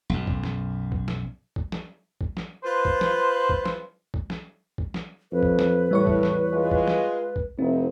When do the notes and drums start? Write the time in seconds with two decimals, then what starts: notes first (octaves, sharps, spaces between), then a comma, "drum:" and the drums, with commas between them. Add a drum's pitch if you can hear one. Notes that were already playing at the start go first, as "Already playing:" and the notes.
0.10 B1 F#2
0.27 drum: kick B1
0.44 drum: snare
0.92 drum: kick B1
1.08 drum: snare
1.56 drum: kick B1
1.72 drum: snare
2.21 drum: kick B1
2.37 drum: snare
2.64 F4 B4 C5
2.85 drum: kick B1
3.01 drum: snare
3.49 drum: kick B1
3.66 drum: snare
4.14 drum: kick B1
4.30 drum: snare
4.78 drum: kick B1
4.94 drum: snare
5.32 F2 B4
5.43 drum: kick B1
5.59 drum: snare
5.91 E2 A2 G3 C#5 C#6
6.07 drum: kick B1
6.23 drum: snare
6.53 G#3 F4
6.71 drum: kick B1
6.88 drum: snare
7.36 drum: kick B1
7.59 F1 C4 D#4 E4 C5